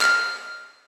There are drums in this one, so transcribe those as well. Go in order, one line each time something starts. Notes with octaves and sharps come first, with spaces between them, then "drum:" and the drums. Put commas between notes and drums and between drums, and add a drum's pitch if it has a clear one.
F6, drum: clap